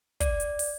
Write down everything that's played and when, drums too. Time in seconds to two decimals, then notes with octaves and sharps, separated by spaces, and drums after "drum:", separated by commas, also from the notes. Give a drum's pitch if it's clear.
0.20 D5, drum: kick, hi-hat
0.40 drum: hi-hat
0.59 drum: open hi-hat